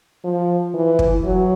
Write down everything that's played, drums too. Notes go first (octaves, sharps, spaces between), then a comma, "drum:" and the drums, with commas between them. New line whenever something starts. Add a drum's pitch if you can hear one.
F3
E3
drum: kick
F#3